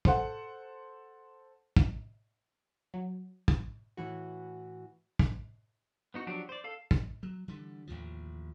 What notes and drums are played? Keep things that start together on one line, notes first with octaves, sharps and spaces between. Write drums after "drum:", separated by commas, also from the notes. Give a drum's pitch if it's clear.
A4 C5 F#5, drum: kick
drum: kick
F#3
drum: kick
A2 E3 F#4
drum: kick
B3 D#4 F#4
F3 F#3 D4 F#4 G4
C5 D5
A4 F5 A5
drum: kick
F#3
D3 E3 G3
A1 D#2 A2 F3